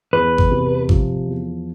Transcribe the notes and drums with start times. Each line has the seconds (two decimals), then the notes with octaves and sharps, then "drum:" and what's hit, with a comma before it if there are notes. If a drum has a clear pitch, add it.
0.13 E2 B4
0.38 drum: kick G#1
0.51 C3
0.89 F3, drum: kick G#1
1.27 E2